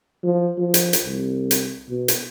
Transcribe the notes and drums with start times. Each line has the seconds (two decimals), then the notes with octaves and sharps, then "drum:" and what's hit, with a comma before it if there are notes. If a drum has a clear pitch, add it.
0.23 F3
0.58 F3
0.74 drum: hi-hat
0.93 drum: hi-hat
1.04 C2
1.51 drum: hi-hat
1.89 B2
2.08 drum: hi-hat